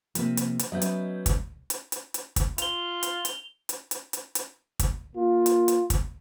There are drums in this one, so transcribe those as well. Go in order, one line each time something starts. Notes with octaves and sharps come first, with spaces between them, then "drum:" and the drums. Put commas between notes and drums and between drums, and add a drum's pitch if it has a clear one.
C3 F3 A#3, drum: hi-hat
drum: hi-hat
drum: hi-hat
F#3 B3 C#4 D#5 E5 G6
drum: hi-hat
drum: kick, hi-hat
drum: hi-hat
drum: hi-hat
drum: hi-hat
drum: kick, hi-hat
F4 F7 G7, drum: hi-hat
drum: hi-hat
drum: hi-hat
drum: hi-hat
drum: hi-hat
drum: hi-hat
drum: hi-hat
drum: kick, hi-hat
A#3 F4
drum: hi-hat
drum: hi-hat
drum: kick, hi-hat